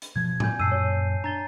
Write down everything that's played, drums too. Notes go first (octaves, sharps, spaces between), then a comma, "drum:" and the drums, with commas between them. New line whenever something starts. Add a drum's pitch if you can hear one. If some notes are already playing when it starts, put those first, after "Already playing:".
drum: hi-hat
B2 F3 G#6
G#5 G6, drum: tom A2
F#2 A#2 A5 E6 C7 D#7
C#5
D4 A#5 A6 G7